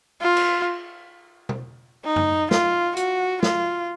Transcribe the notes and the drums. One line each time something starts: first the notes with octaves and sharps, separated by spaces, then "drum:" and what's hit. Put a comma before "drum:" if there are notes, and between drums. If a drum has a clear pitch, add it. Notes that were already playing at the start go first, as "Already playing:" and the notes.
F4
drum: cymbal
drum: tom B2
D#4
drum: tom F#2
F4, drum: snare
F#4, drum: hi-hat
F4, drum: snare